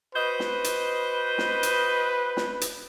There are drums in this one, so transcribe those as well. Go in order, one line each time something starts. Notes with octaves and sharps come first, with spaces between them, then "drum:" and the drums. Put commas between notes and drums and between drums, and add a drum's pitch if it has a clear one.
F#4 B4 C5 D#5
drum: snare
drum: hi-hat
drum: snare
drum: hi-hat
drum: snare
drum: hi-hat